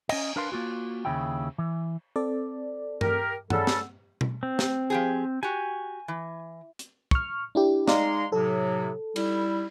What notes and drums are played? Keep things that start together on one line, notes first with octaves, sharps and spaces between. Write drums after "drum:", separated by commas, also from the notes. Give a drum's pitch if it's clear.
C#4 D#5, drum: cymbal
D4 A#4 B4 F5 C6
A#3 F4 F#4
D#2 C#3 C#4 E4 G5
E3
C4 A4 D5
G4 A#4, drum: tom G2
C#3 G3 A4 F#5 E6, drum: tom G2
drum: snare
drum: tom B2
C4
drum: snare
F3 G4 G#4
F#4 G4 G#5
E3
drum: hi-hat
C#6 F6, drum: kick
D4 E4 G4
G#3 D#4 D5 F5 A#5 C6, drum: snare
A2 C3 F#3 A4
G3 E4, drum: cymbal